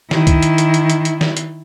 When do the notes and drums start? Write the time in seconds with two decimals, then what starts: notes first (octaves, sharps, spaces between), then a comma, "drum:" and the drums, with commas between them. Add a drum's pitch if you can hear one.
0.11 D#3 E4, drum: snare
0.27 drum: kick C#2, hi-hat
0.43 drum: hi-hat
0.58 drum: hi-hat
0.74 drum: hi-hat
0.90 drum: hi-hat
1.05 drum: hi-hat
1.21 drum: snare
1.37 drum: hi-hat